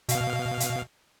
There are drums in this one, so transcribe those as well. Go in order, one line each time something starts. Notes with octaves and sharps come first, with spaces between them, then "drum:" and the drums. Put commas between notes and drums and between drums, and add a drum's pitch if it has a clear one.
B2 F5, drum: hi-hat
drum: hi-hat